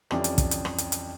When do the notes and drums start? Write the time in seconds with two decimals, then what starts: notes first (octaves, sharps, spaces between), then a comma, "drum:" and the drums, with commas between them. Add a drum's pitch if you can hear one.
0.11 F2 E3 G3 C#4 D5, drum: rim click
0.24 drum: hi-hat
0.38 drum: kick, hi-hat
0.51 drum: hi-hat
0.65 drum: rim click
0.78 drum: hi-hat
0.92 drum: hi-hat